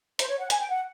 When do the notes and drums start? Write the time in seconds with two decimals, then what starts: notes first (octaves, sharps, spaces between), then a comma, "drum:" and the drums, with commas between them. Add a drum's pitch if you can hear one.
0.19 C5, drum: hi-hat
0.29 C#5
0.39 F#5
0.50 G#5, drum: hi-hat
0.60 G5
0.69 F#5